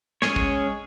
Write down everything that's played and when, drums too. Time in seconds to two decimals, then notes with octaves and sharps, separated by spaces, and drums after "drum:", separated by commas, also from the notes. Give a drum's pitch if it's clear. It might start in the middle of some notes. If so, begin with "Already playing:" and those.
0.22 G#3 C#4 G#4 C#5, drum: snare
0.36 drum: kick